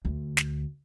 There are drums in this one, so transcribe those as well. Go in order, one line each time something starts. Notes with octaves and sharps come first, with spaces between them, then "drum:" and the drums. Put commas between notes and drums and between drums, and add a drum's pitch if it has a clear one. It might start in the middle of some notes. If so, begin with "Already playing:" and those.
D2
drum: snare